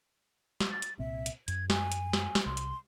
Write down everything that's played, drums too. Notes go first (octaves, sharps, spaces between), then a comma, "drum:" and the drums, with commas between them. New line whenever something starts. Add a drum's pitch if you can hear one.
drum: snare
A6
drum: hi-hat
C2 A#2 C4 E5
drum: hi-hat
F#2 G#6, drum: hi-hat
G#5, drum: snare
drum: hi-hat
drum: snare
drum: snare
C2 C6
drum: hi-hat